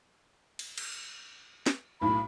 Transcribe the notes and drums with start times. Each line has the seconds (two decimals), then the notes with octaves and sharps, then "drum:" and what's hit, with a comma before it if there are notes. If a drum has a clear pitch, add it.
0.59 drum: cymbal
0.78 drum: cymbal
1.66 drum: snare
2.01 B1 A2 B5